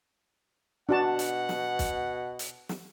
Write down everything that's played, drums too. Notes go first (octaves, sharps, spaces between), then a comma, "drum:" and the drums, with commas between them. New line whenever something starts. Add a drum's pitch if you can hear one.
B2 D4 F#4 F#5 A5
drum: hi-hat
drum: snare
drum: kick, hi-hat
drum: hi-hat
drum: snare